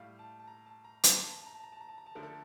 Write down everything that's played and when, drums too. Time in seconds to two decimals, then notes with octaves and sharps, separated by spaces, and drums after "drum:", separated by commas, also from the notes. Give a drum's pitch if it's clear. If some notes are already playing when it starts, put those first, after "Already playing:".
Already playing: A2 G3 F5
0.19 A5
0.39 A5
0.48 A#5
0.66 A5
0.85 A#5
1.04 A5, drum: hi-hat
1.12 A#5
1.20 A5
1.29 A#5
1.38 A5
1.47 A#5
1.55 A5
1.63 A#5
1.72 A5
1.81 A#5
1.89 A5
1.98 A#5
2.06 A5
2.15 D2 D3 F3 A3 A#4
2.23 A4